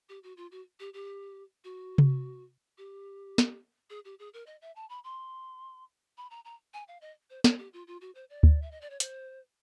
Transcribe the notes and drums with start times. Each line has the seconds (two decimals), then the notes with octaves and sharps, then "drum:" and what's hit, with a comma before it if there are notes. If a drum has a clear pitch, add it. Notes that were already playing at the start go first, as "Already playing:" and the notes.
0.09 G4
0.23 F#4
0.37 F4
0.51 F#4
0.80 G4
0.94 G4
1.64 F#4
1.98 drum: tom C3
2.78 G4
3.38 drum: snare
3.90 G#4
4.05 G4
4.19 G#4
4.34 A#4
4.47 D#5
4.62 E5
4.76 A5
4.89 B5
5.04 C6
6.17 B5
6.31 A#5
6.45 A#5
6.74 G#5
6.88 F5
7.01 D#5
7.30 C5
7.44 C#5, drum: snare
7.58 G4
7.73 F4
7.87 F4
8.01 F#4
8.15 C5
8.30 D5
8.43 drum: kick D2
8.62 E5
8.71 D#5
8.81 D5
8.90 C#5
9.00 C5, drum: hi-hat